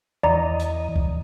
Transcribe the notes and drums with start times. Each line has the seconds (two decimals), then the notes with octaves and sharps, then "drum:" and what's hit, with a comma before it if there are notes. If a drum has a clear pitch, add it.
0.23 E2 E3 D5 D#5 A#5
0.60 drum: hi-hat
0.96 drum: kick C2